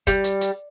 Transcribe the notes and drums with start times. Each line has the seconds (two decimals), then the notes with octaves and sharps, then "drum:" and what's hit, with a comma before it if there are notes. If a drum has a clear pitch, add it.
0.07 G3, drum: kick, hi-hat
0.24 drum: hi-hat
0.41 drum: hi-hat